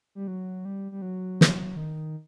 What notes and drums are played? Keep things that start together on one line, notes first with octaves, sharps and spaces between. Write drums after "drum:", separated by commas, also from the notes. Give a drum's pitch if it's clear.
G3
F#3
G3
G3
F#3
drum: snare
D#3